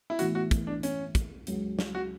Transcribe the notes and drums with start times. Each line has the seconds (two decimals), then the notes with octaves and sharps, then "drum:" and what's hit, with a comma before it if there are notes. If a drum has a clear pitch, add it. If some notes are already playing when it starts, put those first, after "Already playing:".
0.10 E4
0.19 A2 E3 B3 F#4, drum: hi-hat
0.35 F#4
0.51 drum: kick, hi-hat
0.67 D4
0.83 C#4, drum: hi-hat
1.15 drum: kick, hi-hat
1.47 C#2 C#3 F#3 C#4, drum: hi-hat
1.79 drum: snare
1.95 F#4